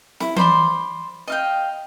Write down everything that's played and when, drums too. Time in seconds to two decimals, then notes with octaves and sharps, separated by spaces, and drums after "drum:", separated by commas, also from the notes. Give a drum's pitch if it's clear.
0.20 E4, drum: snare
0.36 C5 D5 B5 C6, drum: tom E3
1.27 D#5 F5 G5